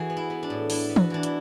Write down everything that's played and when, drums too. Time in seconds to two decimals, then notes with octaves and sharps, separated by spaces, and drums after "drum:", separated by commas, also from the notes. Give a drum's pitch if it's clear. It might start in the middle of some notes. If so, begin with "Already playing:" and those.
Already playing: E3 F#4 G#4
0.10 B3
0.17 E4
0.30 B3
0.43 D4
0.50 A2
0.70 D4 E4, drum: open hi-hat
0.89 B3
0.96 F#4, drum: tom E3
1.10 E3 D4
1.23 E4, drum: hi-hat